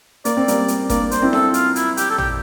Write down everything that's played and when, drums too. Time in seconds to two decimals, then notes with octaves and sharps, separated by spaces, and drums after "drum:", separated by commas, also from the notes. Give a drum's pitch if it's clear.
0.25 A#3 D5, drum: hi-hat
0.37 C4
0.48 G3 A#3, drum: hi-hat
0.68 drum: hi-hat
0.90 A#3 D4 D5, drum: kick G1, hi-hat
1.11 C5, drum: hi-hat
1.22 C4 E4
1.33 A4, drum: snare E4
1.54 F4, drum: hi-hat
1.76 E4, drum: hi-hat
1.97 G4, drum: hi-hat
2.10 A4
2.18 G4, drum: tom